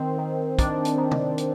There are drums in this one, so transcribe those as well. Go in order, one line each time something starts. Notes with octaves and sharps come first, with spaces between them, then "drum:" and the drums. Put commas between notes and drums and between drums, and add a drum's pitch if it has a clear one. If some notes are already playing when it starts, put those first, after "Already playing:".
Already playing: D#3 C4
D#3
D#3 D4, drum: kick, hi-hat
drum: hi-hat
D#3
drum: tom C3
drum: hi-hat